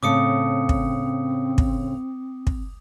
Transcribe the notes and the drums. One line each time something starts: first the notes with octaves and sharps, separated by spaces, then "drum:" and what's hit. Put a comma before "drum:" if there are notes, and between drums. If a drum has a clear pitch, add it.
A2 C#3 C4 D6 D#6 C#7
drum: kick
drum: kick
drum: kick